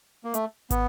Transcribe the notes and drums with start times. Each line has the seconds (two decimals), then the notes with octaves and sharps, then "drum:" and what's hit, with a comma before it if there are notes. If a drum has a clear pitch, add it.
0.24 A#3
0.34 A3, drum: hi-hat
0.70 B3, drum: kick, hi-hat